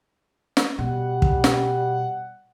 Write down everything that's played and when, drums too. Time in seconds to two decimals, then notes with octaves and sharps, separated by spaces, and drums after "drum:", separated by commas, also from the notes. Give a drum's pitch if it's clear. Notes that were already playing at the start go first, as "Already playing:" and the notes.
0.57 drum: snare
0.78 B2 G3 F#5
1.22 drum: kick
1.44 drum: snare